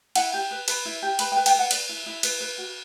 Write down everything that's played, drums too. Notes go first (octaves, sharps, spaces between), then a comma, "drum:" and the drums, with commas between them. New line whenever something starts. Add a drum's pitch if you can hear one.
E4 F#5, drum: cymbal
G4
B4
B4 B5, drum: cymbal
E4
G4
B4 B5, drum: cymbal
G5
B4
G5, drum: cymbal
B4 F#5
B4 D5, drum: cymbal
E4
E4
B4, drum: cymbal
B4
F#4